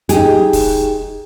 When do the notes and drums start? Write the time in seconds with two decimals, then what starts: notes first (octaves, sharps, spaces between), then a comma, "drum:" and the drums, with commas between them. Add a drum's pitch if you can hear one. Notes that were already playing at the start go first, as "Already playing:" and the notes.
0.09 D#4 G4 G#4, drum: hi-hat
0.53 drum: kick, open hi-hat